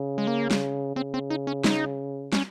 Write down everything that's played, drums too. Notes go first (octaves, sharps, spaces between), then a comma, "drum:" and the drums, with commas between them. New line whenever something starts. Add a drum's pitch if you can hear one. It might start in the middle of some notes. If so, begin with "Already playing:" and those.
Already playing: C#3
G#3
A#3
drum: snare
C#3 C4
C4
D#4
C#4
D#4, drum: snare
C#4, drum: snare